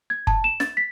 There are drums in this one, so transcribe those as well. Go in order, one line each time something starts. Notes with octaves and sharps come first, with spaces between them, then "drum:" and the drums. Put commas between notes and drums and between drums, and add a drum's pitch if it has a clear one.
G#6
A5, drum: kick F#1
E7
A6, drum: snare
B6